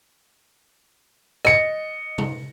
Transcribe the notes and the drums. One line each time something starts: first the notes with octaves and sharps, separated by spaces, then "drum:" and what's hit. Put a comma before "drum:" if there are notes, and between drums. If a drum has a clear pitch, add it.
D#5 C#7, drum: rim click
drum: tom